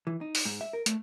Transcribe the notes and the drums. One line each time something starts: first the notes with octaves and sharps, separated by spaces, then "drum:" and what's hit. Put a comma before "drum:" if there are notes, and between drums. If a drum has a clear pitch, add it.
E3
D#4
drum: open hi-hat
G#2
E5
A#4
A3, drum: hi-hat